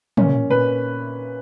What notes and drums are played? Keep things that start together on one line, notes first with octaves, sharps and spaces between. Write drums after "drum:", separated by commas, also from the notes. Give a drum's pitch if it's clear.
A#2 C#4, drum: tom
A#2 B4